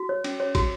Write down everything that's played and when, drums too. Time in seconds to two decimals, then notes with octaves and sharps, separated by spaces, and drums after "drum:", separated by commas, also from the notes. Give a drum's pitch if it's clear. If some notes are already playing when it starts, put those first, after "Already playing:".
Already playing: F#4
0.09 C#5
0.24 C#4, drum: cymbal
0.40 C#5
0.55 F#4, drum: kick, cymbal